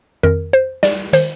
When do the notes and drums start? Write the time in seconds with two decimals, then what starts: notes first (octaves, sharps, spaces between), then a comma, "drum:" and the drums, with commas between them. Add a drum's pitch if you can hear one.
0.23 F2 D#3 A#4
0.53 C5
0.83 D5, drum: snare
1.13 D#3 C5, drum: hi-hat